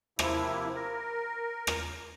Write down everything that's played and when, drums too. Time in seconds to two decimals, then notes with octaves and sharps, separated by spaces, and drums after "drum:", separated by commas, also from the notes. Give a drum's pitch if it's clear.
0.19 C3 F3 A#3 E4, drum: rim click
0.75 A#4
1.67 drum: rim click